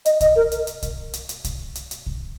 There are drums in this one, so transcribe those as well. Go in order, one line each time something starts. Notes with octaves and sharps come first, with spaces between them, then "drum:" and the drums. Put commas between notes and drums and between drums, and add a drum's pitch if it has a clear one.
D#5, drum: hi-hat
D#5, drum: kick, hi-hat
A#4
drum: hi-hat
drum: hi-hat
drum: kick, hi-hat
drum: hi-hat
drum: hi-hat
drum: kick, hi-hat
drum: hi-hat
drum: hi-hat
drum: kick